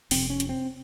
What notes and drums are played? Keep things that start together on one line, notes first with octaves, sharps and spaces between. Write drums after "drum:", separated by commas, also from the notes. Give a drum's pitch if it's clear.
F1 F2 C3 C4, drum: open hi-hat
C#4
drum: hi-hat
C4